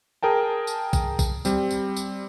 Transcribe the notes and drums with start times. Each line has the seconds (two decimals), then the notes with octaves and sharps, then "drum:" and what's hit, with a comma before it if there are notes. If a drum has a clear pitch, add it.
0.23 G#4 A#4 G5 A5
0.67 drum: tambourine
0.93 drum: kick, tambourine
1.19 drum: kick, tambourine
1.45 G3 C4, drum: tambourine
1.71 drum: tambourine
1.96 drum: tambourine